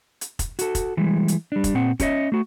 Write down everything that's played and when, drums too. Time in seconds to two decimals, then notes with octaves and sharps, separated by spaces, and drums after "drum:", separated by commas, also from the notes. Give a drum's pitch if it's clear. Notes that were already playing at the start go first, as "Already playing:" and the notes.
0.21 drum: hi-hat
0.39 drum: kick F1, hi-hat
0.59 F#4 A4, drum: hi-hat
0.75 drum: kick F1, hi-hat
0.97 E3 G3 G#3
1.28 drum: hi-hat
1.52 G3 D4
1.64 drum: kick F1, hi-hat
1.74 A#2 C4 F#5
2.00 C#4 G4 C#5 D#5 E5, drum: kick F1, hi-hat
2.32 A3 F#4